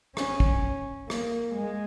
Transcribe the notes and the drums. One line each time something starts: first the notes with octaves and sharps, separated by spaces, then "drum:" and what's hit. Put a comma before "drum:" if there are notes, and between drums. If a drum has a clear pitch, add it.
C#4, drum: rim click
drum: kick
A#3, drum: rim click
G#3